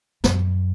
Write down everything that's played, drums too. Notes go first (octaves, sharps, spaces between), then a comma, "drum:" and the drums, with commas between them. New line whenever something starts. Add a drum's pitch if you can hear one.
F#2, drum: snare